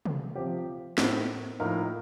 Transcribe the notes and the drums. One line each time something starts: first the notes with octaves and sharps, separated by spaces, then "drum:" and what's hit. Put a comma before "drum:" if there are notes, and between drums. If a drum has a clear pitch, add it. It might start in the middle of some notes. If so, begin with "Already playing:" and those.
drum: tom
C3 F3 C4 G4
A2 A3 C4 D#4 A#4, drum: snare B3
A2 F3 A#3 D#4 A#4